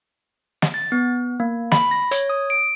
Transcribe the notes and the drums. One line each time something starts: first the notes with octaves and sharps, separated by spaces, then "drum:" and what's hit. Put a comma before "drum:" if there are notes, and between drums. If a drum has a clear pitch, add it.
drum: snare
A6
B3
A#3
B5, drum: snare
A#6
C#5, drum: hi-hat
D#6
D7